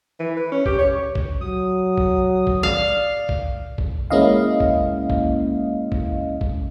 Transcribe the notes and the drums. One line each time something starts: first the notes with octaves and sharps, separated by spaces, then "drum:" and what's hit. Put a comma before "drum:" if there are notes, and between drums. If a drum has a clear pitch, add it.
E3
B4
C#4
G4, drum: kick
C#5
drum: kick
F#3 D#6
drum: kick
drum: kick
D5 F5
drum: kick
drum: kick
G#3 A#3 C#4 E4 D#5 F5
drum: kick
drum: kick
drum: kick
drum: kick